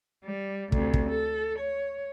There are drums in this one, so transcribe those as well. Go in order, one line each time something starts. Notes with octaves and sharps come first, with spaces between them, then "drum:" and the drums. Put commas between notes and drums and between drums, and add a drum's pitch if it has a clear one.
G3
D2 C3, drum: kick
drum: kick
A4
C#5